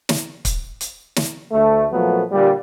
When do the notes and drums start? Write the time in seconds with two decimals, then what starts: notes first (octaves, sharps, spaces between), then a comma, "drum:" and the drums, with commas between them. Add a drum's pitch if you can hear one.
0.09 drum: snare
0.45 drum: kick C#1, hi-hat
0.81 drum: hi-hat
1.16 drum: snare
1.52 D2 A3
1.92 A#2 F3 F#3 A3 B3
2.31 A#2 D3 G3